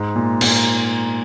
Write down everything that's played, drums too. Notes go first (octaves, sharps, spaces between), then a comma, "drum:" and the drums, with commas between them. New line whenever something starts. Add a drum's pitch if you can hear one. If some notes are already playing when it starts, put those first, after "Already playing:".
Already playing: G#2
A#2
A#2, drum: cymbal